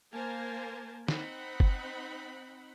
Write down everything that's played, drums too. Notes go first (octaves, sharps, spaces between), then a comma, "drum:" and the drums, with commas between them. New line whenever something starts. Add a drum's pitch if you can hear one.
A#3 A#4 C5 G#5 A5
C4 D#4 F#5 B5, drum: snare
drum: kick F#1